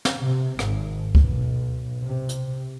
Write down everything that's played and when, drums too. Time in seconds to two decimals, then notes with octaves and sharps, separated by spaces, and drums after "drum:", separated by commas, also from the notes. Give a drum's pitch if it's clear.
0.05 drum: snare
0.23 C3
0.59 G#1, drum: rim click
1.15 B1, drum: kick C#2
2.02 C3
2.29 drum: hi-hat